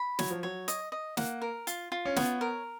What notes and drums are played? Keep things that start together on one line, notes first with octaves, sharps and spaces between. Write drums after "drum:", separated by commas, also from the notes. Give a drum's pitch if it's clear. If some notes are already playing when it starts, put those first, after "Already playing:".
Already playing: B5
F#3 C#5, drum: snare
F3
F#3 C#5
D#5, drum: hi-hat
D#5
A#3 F#5, drum: snare
A#4
F4, drum: hi-hat
F4
C#4
B3 C#5, drum: snare
A#4